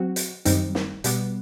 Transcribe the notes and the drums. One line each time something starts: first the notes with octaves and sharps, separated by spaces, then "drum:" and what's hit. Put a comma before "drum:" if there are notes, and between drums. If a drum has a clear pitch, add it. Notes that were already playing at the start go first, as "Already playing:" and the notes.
Already playing: F#3 C4 F#4
drum: hi-hat
F#2 D#3 G3 C4 D#4, drum: hi-hat
drum: snare
B2 G3 B3, drum: hi-hat